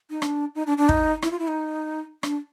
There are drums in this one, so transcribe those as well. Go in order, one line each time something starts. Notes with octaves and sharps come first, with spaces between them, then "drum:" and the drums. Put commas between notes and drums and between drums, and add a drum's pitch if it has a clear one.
D#4
D4, drum: rim click
D#4
D4
D4
D#4, drum: kick
E4, drum: rim click
F4
E4
D#4
D4, drum: rim click